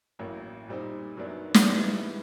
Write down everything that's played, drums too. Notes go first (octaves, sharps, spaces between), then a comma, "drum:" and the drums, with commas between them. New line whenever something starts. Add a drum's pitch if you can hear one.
A1 A2 F#3 A#3
A#2 G3 C4 D#4
F#2 D#3 F#3 B3 D4
drum: snare
G#2 E3 G3 B3